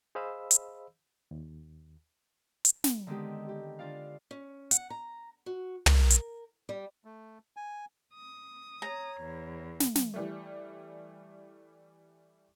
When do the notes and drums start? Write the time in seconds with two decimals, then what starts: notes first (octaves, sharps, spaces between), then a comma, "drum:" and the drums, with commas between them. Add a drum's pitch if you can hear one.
0.15 G#4 C5 D#5 F5 B5 E6
0.51 drum: hi-hat
1.31 D#2
2.65 drum: hi-hat
2.84 drum: snare
3.07 D3 D#3 G#3 B3 C4 G4
3.49 G4
3.79 D3 D4 F4 D5 F5
4.31 C#4
4.71 F#5, drum: hi-hat
4.90 A#5
5.46 F#4
5.86 A#4, drum: tom
6.10 drum: hi-hat
6.69 G3
7.05 A3
7.57 G#5
8.13 D#6
8.82 C#5 A#5
9.20 E2
9.80 drum: snare
9.95 drum: snare
10.14 E3 G3 A3